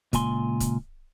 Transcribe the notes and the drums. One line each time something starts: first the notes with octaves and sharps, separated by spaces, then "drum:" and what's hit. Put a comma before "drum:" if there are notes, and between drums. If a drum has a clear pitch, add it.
C#2 A#2 G#5 C6, drum: kick C#1, hi-hat
drum: kick C#1, hi-hat